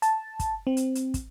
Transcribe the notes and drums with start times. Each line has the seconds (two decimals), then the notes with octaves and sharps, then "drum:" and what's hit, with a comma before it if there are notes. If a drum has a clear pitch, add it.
0.02 A5, drum: hi-hat
0.39 drum: kick, hi-hat
0.67 C4
0.77 drum: hi-hat
0.95 drum: hi-hat
1.14 drum: kick, hi-hat